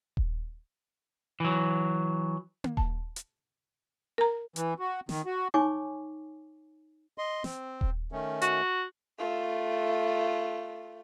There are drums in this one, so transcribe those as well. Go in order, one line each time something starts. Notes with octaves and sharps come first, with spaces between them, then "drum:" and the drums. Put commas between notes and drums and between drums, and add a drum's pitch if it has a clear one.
drum: kick D#1
E3 F#3
drum: tom A#3
A5, drum: kick D#1
drum: hi-hat
A#4 A#5
E3, drum: hi-hat
F#4
D#3, drum: snare
F#4
D#4 C#5 G#5 C#6 D6
D#5 C6
C4, drum: snare
drum: kick D#1
D#3 A3 C#4
F#4, drum: hi-hat
A3 F4